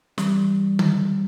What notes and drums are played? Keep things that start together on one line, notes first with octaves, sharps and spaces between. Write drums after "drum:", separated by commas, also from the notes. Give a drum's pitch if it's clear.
E3 G3, drum: snare
drum: tom D3